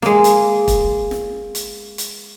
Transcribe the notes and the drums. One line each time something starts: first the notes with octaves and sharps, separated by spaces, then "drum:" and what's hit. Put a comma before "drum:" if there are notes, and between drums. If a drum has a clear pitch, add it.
G#3 A#3, drum: snare
drum: hi-hat
drum: kick, hi-hat
drum: snare
drum: hi-hat
drum: hi-hat